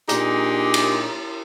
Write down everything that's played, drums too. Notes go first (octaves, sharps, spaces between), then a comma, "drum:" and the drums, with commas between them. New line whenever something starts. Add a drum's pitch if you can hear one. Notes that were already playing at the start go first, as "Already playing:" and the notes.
A#2 D4 D#4 G4 G#4, drum: hi-hat
drum: cymbal